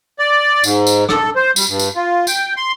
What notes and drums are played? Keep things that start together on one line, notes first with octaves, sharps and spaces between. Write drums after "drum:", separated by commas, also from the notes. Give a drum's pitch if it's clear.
D5
G#2, drum: tambourine
drum: tambourine
A4, drum: rim click
C5
G3, drum: tambourine
G2
drum: tambourine
F4
G5, drum: tambourine
C6